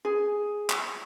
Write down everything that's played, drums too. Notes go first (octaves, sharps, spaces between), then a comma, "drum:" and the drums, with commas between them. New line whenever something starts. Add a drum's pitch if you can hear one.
G#4
drum: clap